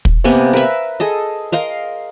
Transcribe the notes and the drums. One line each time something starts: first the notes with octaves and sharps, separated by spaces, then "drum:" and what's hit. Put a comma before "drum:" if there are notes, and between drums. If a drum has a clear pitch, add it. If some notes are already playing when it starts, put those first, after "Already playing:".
drum: kick
C3 A#3 B3 G#5
A#4 B4 E5
G#4 A4 D#5
A#4 D#5 F5 C6